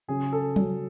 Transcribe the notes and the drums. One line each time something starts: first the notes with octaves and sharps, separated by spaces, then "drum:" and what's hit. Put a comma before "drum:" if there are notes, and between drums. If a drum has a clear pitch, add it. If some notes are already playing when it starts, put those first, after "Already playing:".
C#3 F#3 C#4 G#4
A4
C#3 F#3 C#4, drum: tom F#3